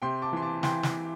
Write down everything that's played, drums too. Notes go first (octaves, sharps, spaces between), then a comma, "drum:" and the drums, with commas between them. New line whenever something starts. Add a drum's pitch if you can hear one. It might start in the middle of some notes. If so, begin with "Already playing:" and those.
C3 G5 C6
A5 D6
E3 C6
A5 D6
E3 G5 C6, drum: snare
drum: snare